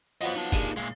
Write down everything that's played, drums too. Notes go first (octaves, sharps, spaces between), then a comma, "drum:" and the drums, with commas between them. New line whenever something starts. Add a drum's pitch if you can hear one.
F3 F#3 B3 C5 D#5
D#4 A5
G2 A#2 G#3, drum: kick, hi-hat
A#2 G#3 F5